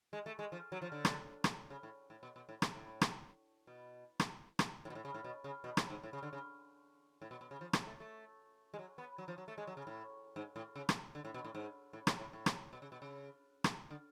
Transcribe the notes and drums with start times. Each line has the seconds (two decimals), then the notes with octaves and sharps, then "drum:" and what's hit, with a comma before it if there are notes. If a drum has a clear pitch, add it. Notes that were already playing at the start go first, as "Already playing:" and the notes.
0.13 G#3
0.26 A3
0.39 G#3
0.52 F3
0.72 F#3
0.82 F3
0.92 D3
1.05 drum: rim click
1.44 drum: rim click
1.70 C#3
1.83 A2
2.10 A2
2.23 B2
2.36 B2
2.49 A2
2.62 D3, drum: rim click
2.75 A2
3.01 drum: rim click
3.67 B2
4.20 drum: rim click
4.59 drum: rim click
4.85 A2
4.90 B2
4.95 A2
5.05 C#3
5.14 A2
5.24 B2
5.44 C#3
5.64 B2
5.77 A2, drum: rim click
5.90 G#2
6.03 A2
6.13 C#3
6.23 D3
6.33 C#3
7.22 A2
7.31 B2
7.41 B2
7.51 C#3
7.61 F3
7.73 F#3, drum: rim click
7.87 A3
8.00 A3
8.74 G#3
8.79 F#3
8.98 B3
9.18 F#3
9.28 F3
9.38 F#3
9.48 A3
9.58 G#3
9.67 F#3
9.77 C#3
9.87 A2
10.36 G#2
10.56 A2
10.76 C#3
10.89 drum: rim click
11.15 D3
11.25 A2
11.34 B2
11.44 A2
11.55 G#2
11.93 A2
12.07 A2, drum: rim click
12.20 A2
12.33 A2
12.46 drum: rim click
12.73 B2
12.82 C#3
12.92 B2
13.02 C#3
13.64 drum: rim click
13.90 D3